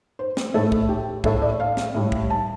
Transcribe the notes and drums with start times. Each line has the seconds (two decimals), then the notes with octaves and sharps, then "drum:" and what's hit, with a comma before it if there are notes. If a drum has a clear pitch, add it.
0.19 C5
0.37 drum: snare
0.54 A2 A3 A4
0.72 drum: kick
0.89 G4
1.24 A2 A3 A4, drum: kick
1.42 D5
1.60 F5
1.77 drum: snare
1.95 A2 G3
2.12 drum: kick
2.30 A5